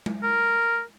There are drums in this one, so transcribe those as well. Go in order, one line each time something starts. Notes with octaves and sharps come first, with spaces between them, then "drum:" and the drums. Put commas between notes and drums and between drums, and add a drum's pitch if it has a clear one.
drum: tom G#3
A#4